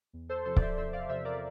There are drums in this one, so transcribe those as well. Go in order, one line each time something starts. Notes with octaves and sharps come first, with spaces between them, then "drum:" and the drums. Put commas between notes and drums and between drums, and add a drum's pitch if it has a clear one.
E2
A4 C5
C3 F3 A4 C5
D5, drum: kick C#1
C5 E5
E2 C5 E5
D5 F5
C3 F3 C5 E5
A#4 D5